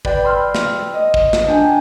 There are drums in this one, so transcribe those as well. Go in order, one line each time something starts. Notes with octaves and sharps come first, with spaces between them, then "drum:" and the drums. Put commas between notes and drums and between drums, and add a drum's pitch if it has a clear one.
B4 D5 G5, drum: kick
B5 C6 E6 F6
drum: snare
D#5
drum: kick
drum: snare
D4 G5 G#5